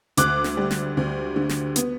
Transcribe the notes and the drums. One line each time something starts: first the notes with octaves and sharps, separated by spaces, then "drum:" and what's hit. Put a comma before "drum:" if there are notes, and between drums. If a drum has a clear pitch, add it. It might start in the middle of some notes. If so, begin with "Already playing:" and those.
D2 D6 F#6, drum: hi-hat
drum: snare
G3
drum: snare
D2
D3
drum: snare
B3, drum: hi-hat